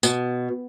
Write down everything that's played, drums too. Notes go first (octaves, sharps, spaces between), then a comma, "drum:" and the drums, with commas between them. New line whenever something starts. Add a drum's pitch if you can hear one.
B2, drum: tambourine